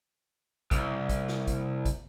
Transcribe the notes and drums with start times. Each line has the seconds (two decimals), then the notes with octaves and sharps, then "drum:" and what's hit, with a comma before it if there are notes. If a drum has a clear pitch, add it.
0.71 C2, drum: kick, hi-hat
1.09 drum: kick, hi-hat
1.28 drum: snare
1.47 drum: kick, hi-hat
1.85 drum: kick, hi-hat